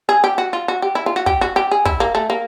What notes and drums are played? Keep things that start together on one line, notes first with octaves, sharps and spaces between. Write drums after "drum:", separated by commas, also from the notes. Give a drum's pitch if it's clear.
G#4
G4
F#4
F4
F#4
G4
E4
F4
F#4
G4, drum: kick
F#4
G4
G#4
E4, drum: kick
A#3
A3
A#3